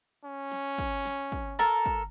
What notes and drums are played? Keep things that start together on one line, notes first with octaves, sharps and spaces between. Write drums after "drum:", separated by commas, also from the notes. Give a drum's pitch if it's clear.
C#4
drum: snare
drum: kick
drum: snare
drum: kick
A4 A#4 A5, drum: snare
drum: kick